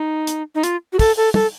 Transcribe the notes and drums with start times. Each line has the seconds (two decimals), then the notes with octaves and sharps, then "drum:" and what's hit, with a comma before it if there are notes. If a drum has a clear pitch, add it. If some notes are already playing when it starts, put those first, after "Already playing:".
Already playing: D#4
0.27 drum: hi-hat
0.55 D#4
0.63 F4, drum: hi-hat
0.93 F#4
0.99 A4, drum: kick, open hi-hat
1.17 A4
1.34 A4, drum: tom